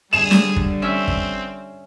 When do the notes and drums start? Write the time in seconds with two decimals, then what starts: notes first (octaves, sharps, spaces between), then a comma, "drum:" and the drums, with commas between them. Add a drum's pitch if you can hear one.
0.13 D3 G3 G#4 E7
0.31 drum: snare
0.56 drum: kick
0.82 C4 C#4 E5
1.08 drum: kick